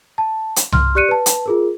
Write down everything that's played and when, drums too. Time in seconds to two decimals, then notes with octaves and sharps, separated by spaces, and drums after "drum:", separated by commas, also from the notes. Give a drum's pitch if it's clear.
0.18 A5
0.56 drum: hi-hat
0.72 C6 F6, drum: tom C2
0.95 G4 D5 F#6 C#7 D#7
1.08 B4 A5
1.26 drum: hi-hat
1.46 F4 G#4 A#4